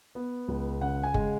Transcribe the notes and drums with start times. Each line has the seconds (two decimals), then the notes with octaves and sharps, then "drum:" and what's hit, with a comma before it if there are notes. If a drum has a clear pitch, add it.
0.15 B3
0.48 C#2
0.81 C#3 F#5
1.03 G#5
1.14 G#3, drum: kick F#1